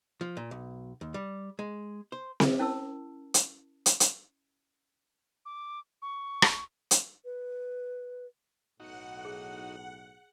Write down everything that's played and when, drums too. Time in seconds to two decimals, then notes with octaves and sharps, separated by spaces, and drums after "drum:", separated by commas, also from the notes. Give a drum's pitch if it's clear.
0.21 F3
0.37 A#2
0.51 B1
1.01 D#2
1.14 G3
1.59 G#3
2.12 C5
2.40 drum: snare C4
2.59 C#4 E4 A#4 A5 E6
3.34 drum: hi-hat
3.86 drum: hi-hat
4.00 drum: hi-hat
5.45 D6
6.02 C#6
6.42 drum: rim click
6.91 drum: hi-hat
7.25 B4
8.80 B1 A2 D#4 F#4 F#5
9.25 G#4